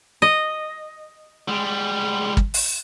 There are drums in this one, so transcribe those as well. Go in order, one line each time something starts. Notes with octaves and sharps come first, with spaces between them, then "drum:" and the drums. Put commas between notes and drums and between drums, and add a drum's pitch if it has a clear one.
D#5
G3 G#3
drum: kick
drum: open hi-hat